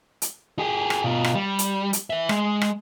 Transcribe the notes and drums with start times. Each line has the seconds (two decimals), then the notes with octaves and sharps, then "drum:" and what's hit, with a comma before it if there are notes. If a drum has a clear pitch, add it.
0.22 drum: hi-hat
0.59 G4 G#4
0.90 drum: rim click
1.04 B2 F4
1.24 drum: rim click
1.35 G3
1.59 drum: hi-hat
1.93 drum: hi-hat
2.10 B4 E5
2.29 G#3, drum: rim click
2.61 drum: rim click